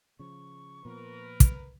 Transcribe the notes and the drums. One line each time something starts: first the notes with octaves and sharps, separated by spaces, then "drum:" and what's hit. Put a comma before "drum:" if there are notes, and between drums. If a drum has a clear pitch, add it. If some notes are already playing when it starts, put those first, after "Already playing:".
C#3 F3 C#6
A#2 F3 B3 A#4 B4
drum: kick, hi-hat